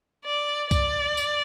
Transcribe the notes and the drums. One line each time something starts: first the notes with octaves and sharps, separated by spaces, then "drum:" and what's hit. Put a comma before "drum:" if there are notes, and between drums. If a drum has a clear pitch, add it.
D5
D5, drum: kick C2, tambourine
drum: tambourine